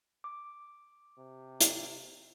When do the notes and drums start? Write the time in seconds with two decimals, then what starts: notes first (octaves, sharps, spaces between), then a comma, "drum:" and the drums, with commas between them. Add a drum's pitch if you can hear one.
0.24 D6
1.18 C3
1.61 drum: hi-hat